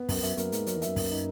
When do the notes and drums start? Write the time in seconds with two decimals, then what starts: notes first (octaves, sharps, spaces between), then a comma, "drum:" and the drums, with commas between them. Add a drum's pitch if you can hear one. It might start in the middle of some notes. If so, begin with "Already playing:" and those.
Already playing: B3
0.09 F#2 A#4, drum: kick, open hi-hat
0.23 F#2 E5, drum: hi-hat
0.37 F#2 A#3, drum: hi-hat
0.52 G#2 D#4, drum: hi-hat
0.66 F#2 A#4, drum: hi-hat
0.77 E2
0.82 F#2 E5, drum: hi-hat
0.96 A#3, drum: kick, open hi-hat
1.11 D#4